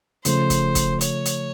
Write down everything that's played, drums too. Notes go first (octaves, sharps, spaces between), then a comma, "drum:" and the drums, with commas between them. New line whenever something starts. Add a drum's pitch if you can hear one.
C#3 F3 A3 C5, drum: hi-hat
drum: kick, hi-hat
drum: kick, hi-hat
C#5, drum: hi-hat
drum: hi-hat